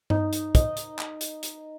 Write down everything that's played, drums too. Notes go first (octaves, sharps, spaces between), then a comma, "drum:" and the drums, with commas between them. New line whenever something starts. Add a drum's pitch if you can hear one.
D#4, drum: tom G2
drum: hi-hat
D#5, drum: kick, hi-hat
drum: hi-hat
drum: clap
drum: hi-hat
drum: hi-hat